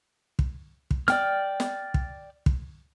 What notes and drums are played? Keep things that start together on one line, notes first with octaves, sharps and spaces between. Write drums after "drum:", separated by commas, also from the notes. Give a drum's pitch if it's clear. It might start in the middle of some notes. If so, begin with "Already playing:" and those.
drum: kick
drum: kick
D5 G5 F6, drum: snare
drum: snare
drum: kick
drum: kick